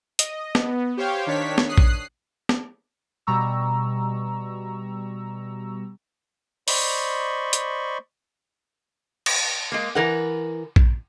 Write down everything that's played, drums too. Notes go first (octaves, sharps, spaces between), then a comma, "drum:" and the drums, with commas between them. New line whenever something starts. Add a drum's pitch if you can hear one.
D#5, drum: hi-hat
B3, drum: snare
G4 C5 C#5 F5 G5
D#3 D4 C#5 B6
drum: snare
D#6 F#6 C7
drum: kick A#1
drum: snare
B2 G3 A#5 C#6 E6
C5 D5 D#5 B5 C#6, drum: open hi-hat
drum: hi-hat
drum: cymbal
G#3 A#3
E3 A#4 F#5
drum: kick A#1